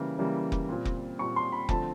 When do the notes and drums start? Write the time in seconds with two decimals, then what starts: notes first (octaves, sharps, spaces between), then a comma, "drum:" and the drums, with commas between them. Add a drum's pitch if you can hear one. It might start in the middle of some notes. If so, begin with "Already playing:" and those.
Already playing: C#3 E3 G3 A#3
0.19 C#3 E3 G3 A#3
0.52 drum: kick F1
0.69 A#2 G3 C4
0.85 drum: kick F1
1.19 A#2 G3 C4 C#6
1.36 C6
1.52 B5
1.69 D3 F3 A3 C4 A5, drum: kick F1